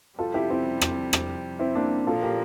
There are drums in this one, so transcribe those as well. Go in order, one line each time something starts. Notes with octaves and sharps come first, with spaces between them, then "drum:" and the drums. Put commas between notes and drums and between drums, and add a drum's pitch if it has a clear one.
F2 C3 G3 F4 A4
E4 G4
C4 E4
drum: rim click
drum: rim click
C4 E4
A#3 D4
A#2 F3 A#3 F4 A4
G4 A#4